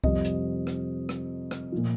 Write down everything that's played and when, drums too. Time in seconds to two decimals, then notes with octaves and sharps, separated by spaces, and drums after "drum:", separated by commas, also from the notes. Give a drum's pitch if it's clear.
0.04 F2 C3 G3 D#5, drum: kick C2
0.25 drum: hi-hat
0.67 drum: rim click
1.09 drum: rim click
1.51 drum: rim click
1.72 A#2 F3